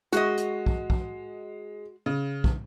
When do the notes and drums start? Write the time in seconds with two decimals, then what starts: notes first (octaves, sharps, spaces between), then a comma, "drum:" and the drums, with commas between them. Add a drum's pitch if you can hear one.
0.12 G#3 F#4 D#5, drum: hi-hat
0.37 drum: hi-hat
0.66 drum: kick
0.90 drum: kick
2.06 C#3
2.44 drum: kick